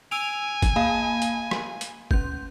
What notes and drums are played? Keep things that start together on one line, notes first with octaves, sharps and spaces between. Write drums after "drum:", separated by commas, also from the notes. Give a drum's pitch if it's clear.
G#5 E6 D7 F7
drum: kick, hi-hat
A#3 F5 B5
drum: hi-hat
drum: rim click
drum: hi-hat
C#4 G6, drum: kick